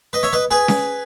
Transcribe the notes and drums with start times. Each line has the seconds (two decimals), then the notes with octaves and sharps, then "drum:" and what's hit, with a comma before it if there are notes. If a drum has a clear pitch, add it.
0.13 B4 D#5
0.23 C#5 E5
0.33 B4 D#5
0.51 G#4 B4
0.68 drum: snare C#4